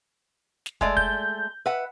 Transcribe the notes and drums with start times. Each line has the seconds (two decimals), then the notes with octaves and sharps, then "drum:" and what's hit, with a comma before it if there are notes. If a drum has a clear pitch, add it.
0.66 drum: snare
0.81 G#3 A3 D5, drum: kick
0.97 G6, drum: kick
1.66 B4 E5 F#5